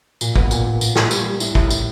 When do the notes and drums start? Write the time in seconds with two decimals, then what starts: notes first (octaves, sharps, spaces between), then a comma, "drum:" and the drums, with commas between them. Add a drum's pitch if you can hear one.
0.21 A#2, drum: tambourine
0.36 B3, drum: kick
0.51 A#2, drum: tambourine
0.66 A#2
0.81 A#2, drum: tambourine
0.96 A#2, drum: snare
1.11 G3, drum: tambourine
1.26 G3
1.40 A2, drum: tambourine
1.55 A2, drum: kick
1.70 A2, drum: tambourine